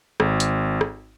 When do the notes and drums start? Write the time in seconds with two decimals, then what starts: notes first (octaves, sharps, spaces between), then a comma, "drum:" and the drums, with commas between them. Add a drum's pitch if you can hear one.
0.20 G#1, drum: rim click
0.40 drum: hi-hat
0.81 drum: rim click